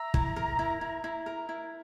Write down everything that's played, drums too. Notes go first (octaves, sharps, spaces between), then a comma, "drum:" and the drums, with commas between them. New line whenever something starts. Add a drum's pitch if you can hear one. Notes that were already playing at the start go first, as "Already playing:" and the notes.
Already playing: E5 A#5
E4, drum: kick
A#4
E4
E4
E4
A#4
E4